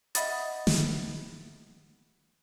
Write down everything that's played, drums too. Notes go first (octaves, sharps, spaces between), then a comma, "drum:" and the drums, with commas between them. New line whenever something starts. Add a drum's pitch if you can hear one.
D#5 E5 F#5 B5 D#6 A6, drum: hi-hat
drum: snare